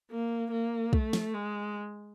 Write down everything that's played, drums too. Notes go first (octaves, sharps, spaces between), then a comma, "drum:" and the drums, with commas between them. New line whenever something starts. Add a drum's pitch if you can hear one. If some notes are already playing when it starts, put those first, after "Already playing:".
A#3
A#3
A3, drum: kick
drum: snare
G#3